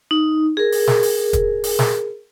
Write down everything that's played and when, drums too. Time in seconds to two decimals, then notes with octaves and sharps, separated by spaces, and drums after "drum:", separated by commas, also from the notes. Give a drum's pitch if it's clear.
0.11 D#4
0.57 G#4 A#4
0.72 drum: open hi-hat
0.87 drum: snare
1.03 drum: open hi-hat
1.33 drum: kick, hi-hat
1.64 drum: open hi-hat
1.79 drum: snare